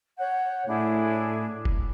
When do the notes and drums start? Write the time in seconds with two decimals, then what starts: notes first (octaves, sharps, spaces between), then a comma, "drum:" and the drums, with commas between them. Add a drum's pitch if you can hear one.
0.18 C#5 F#5 G6
0.67 A2 D4 E4 G#4
1.65 drum: kick F1